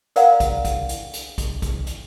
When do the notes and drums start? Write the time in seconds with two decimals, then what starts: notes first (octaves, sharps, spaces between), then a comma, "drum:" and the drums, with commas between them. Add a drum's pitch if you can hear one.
0.16 A#4 D5 F5 F#5 A#5, drum: hi-hat
0.40 drum: kick, hi-hat
0.65 drum: kick, hi-hat
0.89 drum: hi-hat
1.13 drum: hi-hat
1.38 drum: kick, hi-hat
1.62 drum: kick, hi-hat
1.87 drum: hi-hat